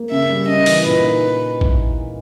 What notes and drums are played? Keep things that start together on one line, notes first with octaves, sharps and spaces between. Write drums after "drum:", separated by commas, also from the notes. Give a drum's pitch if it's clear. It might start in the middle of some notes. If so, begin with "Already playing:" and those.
Already playing: A#3
C#3 E5
G3
C#4 D#5
E3, drum: open hi-hat
A#2 B4
D#4
drum: kick A1